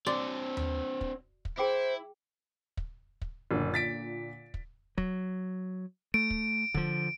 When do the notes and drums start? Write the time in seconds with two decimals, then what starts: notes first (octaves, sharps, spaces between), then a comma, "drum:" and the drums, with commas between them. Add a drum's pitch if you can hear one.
0.07 C4 D4 F#4 D5
0.57 drum: tom D#2
1.01 drum: kick
1.45 drum: kick
1.58 E4 G#4 C5 G5 D6
2.77 drum: kick
3.21 drum: kick
3.51 F#1 A#2 D3
3.74 A6 B6 D7
4.54 drum: kick
4.98 F#3, drum: kick
6.14 A3 D7
6.30 drum: kick
6.74 D3 F3, drum: kick